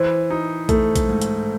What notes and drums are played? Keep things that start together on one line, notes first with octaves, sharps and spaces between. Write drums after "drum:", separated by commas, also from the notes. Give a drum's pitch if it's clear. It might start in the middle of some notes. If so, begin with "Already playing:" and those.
Already playing: E3 C5
D#4
A3 A4, drum: kick A#1, hi-hat
drum: kick A#1, hi-hat
G#2
drum: hi-hat